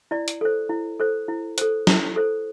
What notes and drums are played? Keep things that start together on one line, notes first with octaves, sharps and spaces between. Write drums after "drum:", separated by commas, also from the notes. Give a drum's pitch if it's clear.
E4 D5
drum: hi-hat
A4 C5
E4
A4 C5
E4
A4 C5, drum: hi-hat
E4, drum: snare
A4 C5